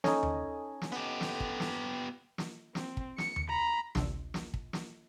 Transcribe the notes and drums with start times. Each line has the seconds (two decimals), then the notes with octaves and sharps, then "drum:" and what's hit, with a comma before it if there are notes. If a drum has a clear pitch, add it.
0.04 C#4 D#4 A4 D#5 G#5, drum: snare
0.23 drum: tom D#2
0.82 drum: snare
0.92 B3 G4
1.21 drum: snare
1.40 drum: kick
1.60 drum: snare
2.38 drum: snare
2.75 C4, drum: snare
2.97 drum: kick
3.18 C#7, drum: snare
3.36 drum: tom D#2
3.49 A#5 B5
3.95 A1 D2 C3 D4 C6 E6, drum: snare
4.34 drum: snare
4.54 drum: kick
4.73 drum: snare